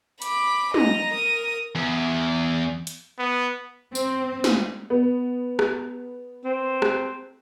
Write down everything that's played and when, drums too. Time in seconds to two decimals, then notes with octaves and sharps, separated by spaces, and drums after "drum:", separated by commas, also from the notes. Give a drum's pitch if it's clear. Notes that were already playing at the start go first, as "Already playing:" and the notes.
0.22 B5 D6, drum: hi-hat
0.74 D#5 A#5, drum: tom
1.14 A#4 D#6
1.75 E2
2.87 drum: hi-hat
3.19 B3
3.95 C4, drum: tambourine
4.44 drum: snare
4.90 B3
5.59 drum: rim click
6.45 C4
6.82 drum: rim click